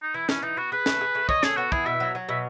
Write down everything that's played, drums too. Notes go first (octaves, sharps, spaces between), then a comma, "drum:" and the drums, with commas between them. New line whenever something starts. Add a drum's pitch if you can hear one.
D#4
E3 E4
E3 C#4, drum: snare
E3 D#4
B3 F#4
G#4 B4
A3, drum: snare
G#4
A3
C#5 D#5, drum: kick
G#4 A4, drum: snare
B3 F#4
E4 G#4, drum: kick
B2 E5
F#3
F#3
B2 E5